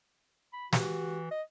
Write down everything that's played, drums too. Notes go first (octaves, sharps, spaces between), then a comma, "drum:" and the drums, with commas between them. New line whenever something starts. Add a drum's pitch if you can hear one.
B5
E3 F#4 G4, drum: snare
D#5